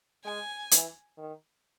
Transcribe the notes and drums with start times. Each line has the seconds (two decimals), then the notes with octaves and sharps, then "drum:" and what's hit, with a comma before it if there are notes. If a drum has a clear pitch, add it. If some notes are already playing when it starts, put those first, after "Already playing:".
0.24 G#3 G#5
0.71 E3, drum: hi-hat
1.18 D#3